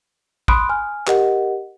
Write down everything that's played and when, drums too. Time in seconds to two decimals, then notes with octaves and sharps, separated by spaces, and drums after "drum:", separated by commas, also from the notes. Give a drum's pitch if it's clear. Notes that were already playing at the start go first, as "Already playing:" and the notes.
0.48 B5 C6 D#6 F#6 D7, drum: kick
0.69 G#5 F6
1.07 G4 A#4 D#5 F#5, drum: clap